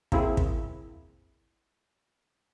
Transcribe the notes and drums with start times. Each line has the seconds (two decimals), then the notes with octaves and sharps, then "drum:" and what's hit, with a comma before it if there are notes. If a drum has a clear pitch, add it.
0.12 A#3 C4 E4 G#4, drum: kick
0.37 drum: kick